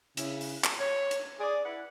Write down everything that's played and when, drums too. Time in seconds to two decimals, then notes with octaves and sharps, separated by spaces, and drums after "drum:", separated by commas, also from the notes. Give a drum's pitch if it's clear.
0.17 C#3 E4, drum: hi-hat
0.41 drum: open hi-hat
0.64 drum: clap
0.79 C#5
1.11 drum: hi-hat
1.40 G#4 D5
1.65 E4 B4 D5 F#5